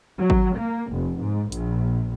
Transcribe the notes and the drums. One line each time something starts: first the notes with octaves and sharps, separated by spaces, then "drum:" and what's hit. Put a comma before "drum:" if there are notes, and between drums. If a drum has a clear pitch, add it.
F#3
drum: kick G#1
A#3
F1
G#2
A#1, drum: hi-hat